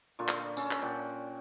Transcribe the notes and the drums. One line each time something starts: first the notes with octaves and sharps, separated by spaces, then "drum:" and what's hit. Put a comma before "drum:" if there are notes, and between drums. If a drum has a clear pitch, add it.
A#2 D3 F4 C#6
drum: clap
C#4 A4, drum: tambourine
drum: clap
A#2 F#5 G5